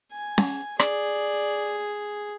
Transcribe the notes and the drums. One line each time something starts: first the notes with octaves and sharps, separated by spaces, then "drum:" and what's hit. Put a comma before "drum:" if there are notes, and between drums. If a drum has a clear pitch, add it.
G#5
drum: snare C#4
G#4 D5, drum: rim click